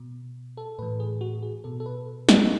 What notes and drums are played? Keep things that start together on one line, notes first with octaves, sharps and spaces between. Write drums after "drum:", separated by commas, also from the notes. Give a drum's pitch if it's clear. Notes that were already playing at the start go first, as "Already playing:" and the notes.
Already playing: B2
A4
A2 E3 B4
G#4
F#4
G#4
B2 A4
A4
B4
D#5, drum: snare